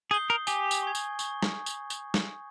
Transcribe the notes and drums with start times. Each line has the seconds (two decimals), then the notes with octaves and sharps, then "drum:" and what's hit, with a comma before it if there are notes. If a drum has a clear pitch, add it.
0.11 G#4 D#6 G6 C7 G7
0.30 A#4
0.47 G4 G#5, drum: tambourine
0.71 drum: tambourine
0.83 C#6 G#6
0.95 drum: tambourine
1.19 C#6, drum: tambourine
1.43 drum: snare
1.66 drum: tambourine
1.90 drum: tambourine
2.14 drum: snare